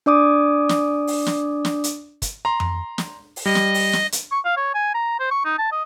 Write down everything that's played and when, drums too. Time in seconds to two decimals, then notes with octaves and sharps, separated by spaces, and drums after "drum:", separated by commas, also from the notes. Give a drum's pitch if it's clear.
0.06 D4 D5 D6 D#6
0.69 drum: snare
1.07 drum: open hi-hat
1.27 drum: snare
1.65 drum: snare
1.84 drum: hi-hat
2.22 drum: kick, hi-hat
2.45 A#5 C6
2.60 drum: tom F2
2.98 drum: snare
3.36 drum: open hi-hat
3.46 G3 D#5
3.55 drum: snare
3.74 drum: open hi-hat
3.93 drum: snare
4.12 drum: hi-hat
4.31 C#6
4.45 F5
4.57 C#5
4.74 G#5
4.94 A#5
5.19 C5
5.31 C#6
5.45 D#4
5.58 A5
5.72 D#5